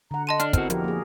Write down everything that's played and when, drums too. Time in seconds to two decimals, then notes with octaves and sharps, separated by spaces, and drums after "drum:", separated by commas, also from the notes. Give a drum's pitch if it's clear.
0.11 D3 F#5 A#5
0.27 D#5 A5 C6 D#7
0.40 D4 F6, drum: hi-hat
0.53 B3 C4 E4 F#4 A#4 F6, drum: kick, hi-hat
0.70 F2 F#4 G4 A#4, drum: hi-hat
0.84 A#3 G#4